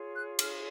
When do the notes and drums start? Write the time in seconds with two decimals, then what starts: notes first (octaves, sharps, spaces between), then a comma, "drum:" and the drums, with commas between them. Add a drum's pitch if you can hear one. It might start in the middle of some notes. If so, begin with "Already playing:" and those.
Already playing: F4 G#4 C#5
0.15 F#6
0.39 F6, drum: cymbal